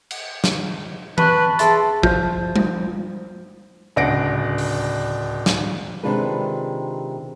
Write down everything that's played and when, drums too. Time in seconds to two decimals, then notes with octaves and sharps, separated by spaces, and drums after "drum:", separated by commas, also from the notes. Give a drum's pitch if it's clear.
0.11 drum: cymbal
0.44 drum: snare
1.18 B4 A5 C#6 F#6, drum: tom E3
1.59 G#4 E5 A5 C6, drum: hi-hat
2.03 F3, drum: kick
2.56 drum: tom G3
3.96 D1 C#2 D4 F#5 A#6 D7
4.58 drum: open hi-hat
5.46 drum: snare
6.03 C3 D#3 G#3 D4 F4 B4